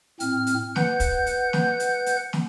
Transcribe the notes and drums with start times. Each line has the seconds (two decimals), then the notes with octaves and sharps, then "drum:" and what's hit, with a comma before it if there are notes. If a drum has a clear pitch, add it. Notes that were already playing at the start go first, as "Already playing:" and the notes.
0.20 A2 C4 F6, drum: hi-hat
0.47 drum: hi-hat
0.76 B4 F#5 G6, drum: snare
1.00 drum: kick, hi-hat
1.26 drum: hi-hat
1.53 drum: snare
1.80 drum: hi-hat
2.06 drum: hi-hat
2.33 drum: snare